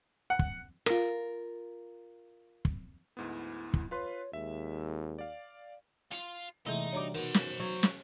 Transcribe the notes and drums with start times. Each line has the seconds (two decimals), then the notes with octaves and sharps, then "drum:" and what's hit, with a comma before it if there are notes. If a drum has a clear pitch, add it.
0.30 F#5
0.39 drum: kick
0.86 F4 A#4, drum: rim click
2.65 drum: kick
3.17 D2 G#2 B3 E4
3.74 drum: kick
3.91 F4 B4 C#5 C6
4.33 D#2 G#3 E5
5.19 D5 F5
6.11 F4, drum: hi-hat
6.66 E2 C3 E3 G#3 A3 D#4
6.92 D2 G3 C#5 A#5 D6
7.15 B2 D#3 A#4 C5 F#5
7.34 drum: snare
7.60 F#3
7.83 drum: snare